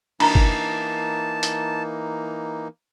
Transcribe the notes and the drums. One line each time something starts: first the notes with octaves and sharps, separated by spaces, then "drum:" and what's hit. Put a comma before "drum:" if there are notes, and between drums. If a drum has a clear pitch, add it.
E3 A#3 D4 D#4 A5 A#5, drum: cymbal
drum: kick
drum: hi-hat